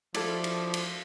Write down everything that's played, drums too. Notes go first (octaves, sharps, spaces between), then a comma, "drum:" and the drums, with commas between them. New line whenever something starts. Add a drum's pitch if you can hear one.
F3 E4 A4 D5, drum: cymbal
drum: cymbal
drum: cymbal